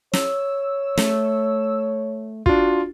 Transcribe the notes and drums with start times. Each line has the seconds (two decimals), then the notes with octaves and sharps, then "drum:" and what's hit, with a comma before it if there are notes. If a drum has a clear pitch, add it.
0.13 C#5 E6, drum: snare
0.97 A3, drum: snare
2.46 D4 F4 F#4, drum: kick